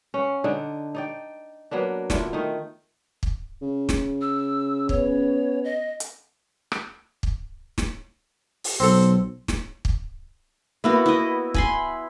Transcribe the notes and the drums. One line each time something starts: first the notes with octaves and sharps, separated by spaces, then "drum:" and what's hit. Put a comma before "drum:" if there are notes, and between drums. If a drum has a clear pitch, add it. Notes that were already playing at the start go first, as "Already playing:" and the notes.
C#4 F#5
D3 D4 D#4
D#4 D5 G5
F#3 A#3 B3 D4
D3 D4 E4 F4, drum: snare
D#3 A3 D#4
drum: kick
C#3
drum: snare
E6
B3 C#4 C#5, drum: kick
D#5
drum: hi-hat
drum: rim click
drum: kick
drum: snare
drum: open hi-hat
B1 C4 A4
drum: snare
drum: kick
A#3 B3 E4 F#4
B3 E4 D#5
G#5 B5 C6, drum: kick